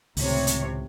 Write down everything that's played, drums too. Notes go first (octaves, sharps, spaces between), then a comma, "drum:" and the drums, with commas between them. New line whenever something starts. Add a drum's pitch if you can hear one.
C#2 A2 C3 D#3 C#5, drum: open hi-hat
drum: hi-hat